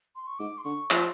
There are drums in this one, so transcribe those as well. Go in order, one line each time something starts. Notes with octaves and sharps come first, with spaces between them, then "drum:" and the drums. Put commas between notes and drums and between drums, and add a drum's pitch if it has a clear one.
C6
C#6
G#2 D6
C6
D3 C#6
F3 C6, drum: clap